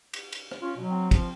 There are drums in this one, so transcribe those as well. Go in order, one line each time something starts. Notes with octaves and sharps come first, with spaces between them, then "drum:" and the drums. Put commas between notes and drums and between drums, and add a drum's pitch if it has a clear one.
drum: cymbal
drum: cymbal
drum: rim click
C#4 F4
B2 F#3
C4
F3, drum: kick, cymbal